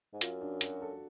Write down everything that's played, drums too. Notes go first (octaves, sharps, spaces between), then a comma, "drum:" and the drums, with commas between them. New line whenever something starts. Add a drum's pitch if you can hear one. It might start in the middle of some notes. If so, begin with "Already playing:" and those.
G#2
F#2 F4, drum: hi-hat
D4
F#4, drum: hi-hat
A4